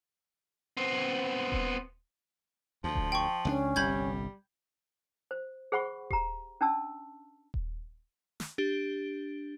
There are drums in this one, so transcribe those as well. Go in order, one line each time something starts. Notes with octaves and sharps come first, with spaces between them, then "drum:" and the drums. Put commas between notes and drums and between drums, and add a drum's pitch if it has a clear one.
B3 C4
drum: kick D#1
D2 F3
drum: kick D#1
G5 C#6
C#2 G#3 C#4 D4
G1 C2 G3 B5 G6 G#6
C5
G#4 C5 F#5 B5 C#6
G4 A#5, drum: kick D#1
C#4 D4 A5 E6
drum: kick D#1
drum: snare
D4 G4